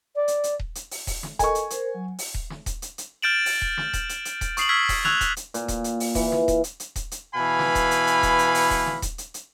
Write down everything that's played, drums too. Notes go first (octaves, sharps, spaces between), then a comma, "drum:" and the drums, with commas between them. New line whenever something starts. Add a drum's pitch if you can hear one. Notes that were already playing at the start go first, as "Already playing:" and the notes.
D5
drum: hi-hat
drum: hi-hat
drum: kick D#1
drum: hi-hat
drum: open hi-hat
drum: kick D#1, open hi-hat
drum: snare
A4 A#4 D#5 G#5 C#6, drum: kick D#1, hi-hat
drum: hi-hat
A#4 C5, drum: hi-hat
F#3
drum: open hi-hat
drum: kick D#1
drum: snare
drum: kick D#1, hi-hat
drum: hi-hat
drum: hi-hat
F6 G6 A6 D7 E7 F#7
drum: open hi-hat
drum: kick D#1
drum: snare
drum: kick D#1, hi-hat
drum: hi-hat
drum: hi-hat
drum: kick D#1, hi-hat
C#6 D#6 C7 D7 F#7, drum: hi-hat
C#6 E6 F6 G#6 B6
drum: kick D#1, open hi-hat
C#6 E6 F#6 G#6 F7 F#7, drum: snare
drum: kick D#1, hi-hat
drum: hi-hat
A#2, drum: hi-hat
drum: kick D#1, hi-hat
drum: hi-hat
drum: open hi-hat
E3, drum: kick D#1, open hi-hat
drum: snare
drum: kick D#1, hi-hat
drum: hi-hat
drum: hi-hat
drum: kick D#1, hi-hat
drum: hi-hat
B2 E3 F5 G#5 B5
drum: snare
drum: kick D#1, hi-hat
drum: hi-hat
drum: hi-hat
drum: kick D#1, hi-hat
drum: hi-hat
drum: open hi-hat
drum: kick D#1, open hi-hat
drum: snare
drum: kick D#1, hi-hat
drum: hi-hat
drum: hi-hat